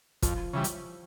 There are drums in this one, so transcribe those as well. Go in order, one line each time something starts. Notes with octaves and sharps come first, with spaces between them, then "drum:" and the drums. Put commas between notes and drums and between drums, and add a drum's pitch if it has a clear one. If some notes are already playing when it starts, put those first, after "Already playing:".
F2 F3, drum: kick, hi-hat
C#3 E3 G3
drum: hi-hat